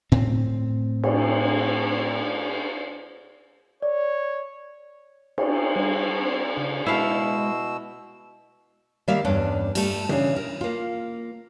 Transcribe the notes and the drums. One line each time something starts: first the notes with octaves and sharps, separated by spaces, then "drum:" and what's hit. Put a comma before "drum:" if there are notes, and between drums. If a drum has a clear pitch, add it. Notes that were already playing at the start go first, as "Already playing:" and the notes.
A2 C4
drum: cymbal
C#5 D5
drum: cymbal
G3
C4
C#3
B2 G#3 E4 F5 E6
D#3 G3 A#3 D5 E5 F5
E2 G2 B3 C#4 D4
G3 A3, drum: cymbal
C#3 E3 D4, drum: tom
A#4
A#3 F4